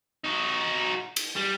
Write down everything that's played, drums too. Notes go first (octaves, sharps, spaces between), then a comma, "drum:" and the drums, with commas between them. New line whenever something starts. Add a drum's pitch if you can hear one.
D#4 F#4
drum: cymbal
G3